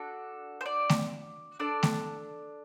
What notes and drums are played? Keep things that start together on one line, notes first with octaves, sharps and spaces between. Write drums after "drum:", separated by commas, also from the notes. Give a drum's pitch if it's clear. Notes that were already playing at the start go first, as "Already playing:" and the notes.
Already playing: D4 F#4 A4
C5
D5
drum: snare A3
D4 A4 D5
drum: snare A3